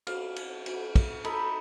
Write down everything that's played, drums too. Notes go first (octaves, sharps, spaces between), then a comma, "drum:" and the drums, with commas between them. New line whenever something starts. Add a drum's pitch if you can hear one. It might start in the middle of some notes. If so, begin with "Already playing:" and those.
F5, drum: cymbal
drum: cymbal
drum: cymbal
drum: kick, cymbal
D#4 A4 B5, drum: cymbal